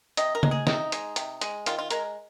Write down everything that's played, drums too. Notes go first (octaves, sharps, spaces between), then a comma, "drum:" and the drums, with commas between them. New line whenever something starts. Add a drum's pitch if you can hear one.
C3 D#5, drum: hi-hat
A#4
G#3, drum: tom C#3
G#4
C3 D#4, drum: snare
G#3, drum: hi-hat
C3, drum: hi-hat
G#3, drum: hi-hat
D#3 F4, drum: hi-hat
F4
G#3 A#4, drum: hi-hat